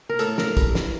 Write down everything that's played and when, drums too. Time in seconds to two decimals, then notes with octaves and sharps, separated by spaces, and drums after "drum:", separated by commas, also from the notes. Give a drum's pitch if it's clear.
0.09 A#4
0.19 A2 A4, drum: hi-hat
0.38 A#3 A#4, drum: snare
0.57 G3, drum: kick, hi-hat
0.75 E3, drum: snare